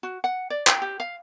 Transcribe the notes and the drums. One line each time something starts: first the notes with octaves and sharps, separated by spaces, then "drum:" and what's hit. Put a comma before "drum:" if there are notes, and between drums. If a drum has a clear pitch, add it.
F#4
F#5
D5
G5, drum: clap
G4
F5